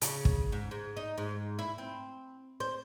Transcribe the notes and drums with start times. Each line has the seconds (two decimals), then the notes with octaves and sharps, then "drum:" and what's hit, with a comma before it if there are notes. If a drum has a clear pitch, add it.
0.02 C#3, drum: hi-hat
0.25 drum: kick
0.52 G#2
0.71 G#2
0.97 D#4
1.18 G#2
1.59 E4
1.78 C4
2.60 C5